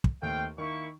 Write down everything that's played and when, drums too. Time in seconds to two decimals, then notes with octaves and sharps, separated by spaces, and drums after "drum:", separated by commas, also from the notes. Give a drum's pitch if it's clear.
0.04 drum: kick
0.22 D#2 A3 C4 F5 G5
0.58 D#3 A#3 E4 C#6